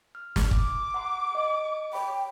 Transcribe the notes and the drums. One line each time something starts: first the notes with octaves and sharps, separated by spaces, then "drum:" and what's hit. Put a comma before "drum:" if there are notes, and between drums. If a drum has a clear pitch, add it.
F6
drum: snare
D6, drum: kick
F#5 A#5 C6
D#5
C#5 G5 B5